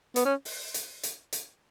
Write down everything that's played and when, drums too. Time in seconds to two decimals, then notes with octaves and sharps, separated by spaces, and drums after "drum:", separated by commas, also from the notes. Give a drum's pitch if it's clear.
0.16 B3, drum: hi-hat
0.25 C#4
0.45 drum: open hi-hat
0.74 drum: hi-hat
1.03 drum: hi-hat
1.33 drum: hi-hat